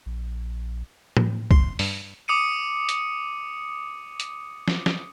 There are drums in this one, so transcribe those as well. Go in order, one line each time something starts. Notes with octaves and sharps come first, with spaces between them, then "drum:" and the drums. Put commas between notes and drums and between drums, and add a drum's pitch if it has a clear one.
A#1
drum: tom A2
C6, drum: kick C2
G2, drum: open hi-hat
D6 D#6 C#7 D#7
drum: hi-hat
drum: hi-hat
drum: snare
drum: snare